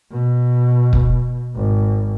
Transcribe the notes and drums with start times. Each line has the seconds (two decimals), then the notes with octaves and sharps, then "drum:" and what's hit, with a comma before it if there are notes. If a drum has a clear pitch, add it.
0.12 B2
0.93 drum: kick
1.55 G#1